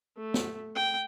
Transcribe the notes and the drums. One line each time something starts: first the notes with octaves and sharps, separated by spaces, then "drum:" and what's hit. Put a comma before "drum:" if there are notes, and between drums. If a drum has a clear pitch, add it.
A3
drum: snare
G5